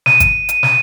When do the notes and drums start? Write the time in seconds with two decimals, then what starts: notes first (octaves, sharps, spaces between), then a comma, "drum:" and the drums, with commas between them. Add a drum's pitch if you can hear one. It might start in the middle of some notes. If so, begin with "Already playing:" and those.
0.06 D#7, drum: snare
0.20 drum: kick, hi-hat
0.49 drum: hi-hat
0.63 drum: snare